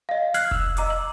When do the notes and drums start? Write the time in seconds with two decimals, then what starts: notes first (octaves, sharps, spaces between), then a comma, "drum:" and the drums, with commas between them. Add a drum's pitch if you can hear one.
0.09 D#5 F5
0.34 F6 F#6 G#6 C7 F#7, drum: hi-hat
0.51 E6, drum: kick F1
0.77 D#5 A#5 D6 E6, drum: hi-hat
0.90 F#7